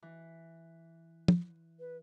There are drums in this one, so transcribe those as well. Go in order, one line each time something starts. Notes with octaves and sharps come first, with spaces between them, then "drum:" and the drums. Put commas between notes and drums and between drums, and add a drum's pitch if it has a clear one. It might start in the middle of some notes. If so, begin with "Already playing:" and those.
E3
drum: tom
B4